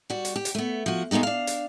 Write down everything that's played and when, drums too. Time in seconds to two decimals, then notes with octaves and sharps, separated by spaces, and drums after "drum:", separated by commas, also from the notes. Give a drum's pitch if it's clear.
0.10 G3 F#4
0.25 drum: hi-hat
0.36 G4
0.45 drum: hi-hat
0.55 A3 B3
0.86 F3 F#4
1.11 G#3 A3 B3 D#4 G4
1.23 D4 F5
1.47 drum: hi-hat